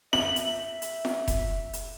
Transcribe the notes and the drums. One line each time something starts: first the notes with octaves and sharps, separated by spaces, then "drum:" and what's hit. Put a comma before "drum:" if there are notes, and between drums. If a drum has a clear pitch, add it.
E5 F#7, drum: snare F4
drum: hi-hat
drum: hi-hat
drum: snare F4
drum: kick F1, hi-hat
drum: hi-hat